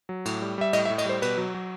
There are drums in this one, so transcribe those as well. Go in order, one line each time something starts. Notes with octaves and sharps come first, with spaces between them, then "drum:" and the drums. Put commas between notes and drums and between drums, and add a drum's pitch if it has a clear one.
F#3
A2, drum: cymbal
G3
G3 E5
A2 D#5, drum: cymbal
E5
A2
D#5, drum: cymbal
G3 C5
B2 B4, drum: cymbal
F#3
F#3